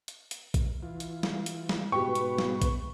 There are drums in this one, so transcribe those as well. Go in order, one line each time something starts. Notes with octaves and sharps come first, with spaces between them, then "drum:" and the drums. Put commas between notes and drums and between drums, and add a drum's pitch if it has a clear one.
drum: hi-hat
drum: hi-hat
drum: kick A#1, hi-hat
E3 F4
drum: hi-hat
drum: snare
drum: hi-hat
drum: snare
G#2 B2 B3 G4 B4 G5 C#6
drum: hi-hat
drum: snare
drum: kick A#1, hi-hat